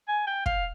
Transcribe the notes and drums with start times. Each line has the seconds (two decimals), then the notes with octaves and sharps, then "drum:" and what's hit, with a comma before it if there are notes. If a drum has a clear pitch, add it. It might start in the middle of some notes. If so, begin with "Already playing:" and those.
0.08 G#5
0.27 G5
0.46 F5, drum: kick